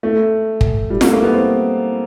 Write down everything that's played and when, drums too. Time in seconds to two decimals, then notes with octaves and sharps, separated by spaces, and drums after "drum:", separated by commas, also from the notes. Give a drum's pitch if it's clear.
0.03 A3
0.61 drum: kick
0.90 G3
1.01 A3, drum: snare F4
1.12 A#3
1.23 B3
1.34 C4